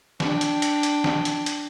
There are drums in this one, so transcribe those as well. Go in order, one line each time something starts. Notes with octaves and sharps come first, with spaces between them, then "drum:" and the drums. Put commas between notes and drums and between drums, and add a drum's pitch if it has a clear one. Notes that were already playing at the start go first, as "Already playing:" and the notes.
D4 G5, drum: snare
drum: hi-hat
drum: hi-hat
drum: hi-hat
drum: snare
drum: hi-hat
drum: hi-hat